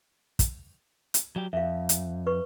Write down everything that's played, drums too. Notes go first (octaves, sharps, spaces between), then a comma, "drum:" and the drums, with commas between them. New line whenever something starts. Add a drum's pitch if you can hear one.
drum: kick, hi-hat
drum: hi-hat
F#3 G4
F2 E5 F5
drum: hi-hat
B4 C#6